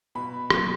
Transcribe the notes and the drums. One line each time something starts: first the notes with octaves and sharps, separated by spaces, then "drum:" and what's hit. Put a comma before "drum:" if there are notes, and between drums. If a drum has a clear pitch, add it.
B2 B5
F#3 A#3, drum: rim click